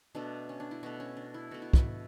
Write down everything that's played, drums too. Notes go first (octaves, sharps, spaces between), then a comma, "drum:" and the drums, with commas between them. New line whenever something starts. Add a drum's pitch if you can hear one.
B2 A3 D4
C#4
D4
E4
B2 A3 F#4
C#4
D4
E4
B2 A3 F#4
E4
E4, drum: kick